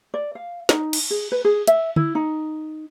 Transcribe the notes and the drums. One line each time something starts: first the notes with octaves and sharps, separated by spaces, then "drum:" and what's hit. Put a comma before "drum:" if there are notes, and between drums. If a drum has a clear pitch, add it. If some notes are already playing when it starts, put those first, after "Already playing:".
D5
F5
D#4, drum: snare
drum: cymbal
G#4
B4
G#4
E5, drum: hi-hat
E4, drum: tom
D#4